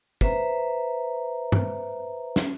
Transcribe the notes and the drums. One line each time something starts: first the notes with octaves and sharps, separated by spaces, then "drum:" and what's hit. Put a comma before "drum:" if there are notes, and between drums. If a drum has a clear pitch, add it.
B4 C5 E5 A#5, drum: kick
drum: tom G2
drum: snare